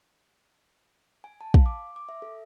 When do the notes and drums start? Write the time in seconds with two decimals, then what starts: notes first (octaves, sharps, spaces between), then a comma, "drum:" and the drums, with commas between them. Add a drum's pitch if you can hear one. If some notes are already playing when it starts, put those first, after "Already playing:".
1.24 G#5
1.41 A5
1.54 F5, drum: kick
1.66 D6
1.96 D6
2.09 E5
2.22 A4